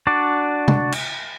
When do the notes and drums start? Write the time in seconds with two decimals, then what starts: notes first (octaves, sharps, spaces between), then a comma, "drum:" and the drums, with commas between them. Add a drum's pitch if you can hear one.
0.07 D4 F#4 D5
0.68 drum: tom C3
0.92 drum: cymbal